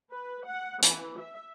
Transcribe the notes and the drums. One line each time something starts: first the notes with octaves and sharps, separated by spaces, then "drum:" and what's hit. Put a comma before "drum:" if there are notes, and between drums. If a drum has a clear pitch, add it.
B4
F#5
E3, drum: hi-hat
E5